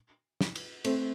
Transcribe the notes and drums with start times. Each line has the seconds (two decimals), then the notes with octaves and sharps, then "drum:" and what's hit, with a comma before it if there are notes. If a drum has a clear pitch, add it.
0.41 drum: snare
0.55 drum: cymbal
0.85 A3 C4, drum: cymbal